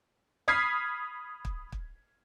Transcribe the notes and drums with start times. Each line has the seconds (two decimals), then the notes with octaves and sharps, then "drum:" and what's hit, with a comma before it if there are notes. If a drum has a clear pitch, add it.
0.48 B5 D#6 F6 G#6 B6 C7
1.45 drum: kick
1.72 drum: kick